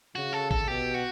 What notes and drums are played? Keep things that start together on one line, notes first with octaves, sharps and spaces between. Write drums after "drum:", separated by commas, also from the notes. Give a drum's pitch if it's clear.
C#3 F#4
A4
A4, drum: kick A1
B2 G4
F#4